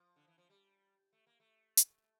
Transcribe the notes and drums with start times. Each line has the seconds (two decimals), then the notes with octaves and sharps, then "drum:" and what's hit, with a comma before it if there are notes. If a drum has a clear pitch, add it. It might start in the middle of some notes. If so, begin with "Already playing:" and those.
Already playing: F3
0.16 D3
0.27 E3
0.38 F3
0.50 G3
1.13 A3
1.27 A#3
1.40 A3
1.77 drum: hi-hat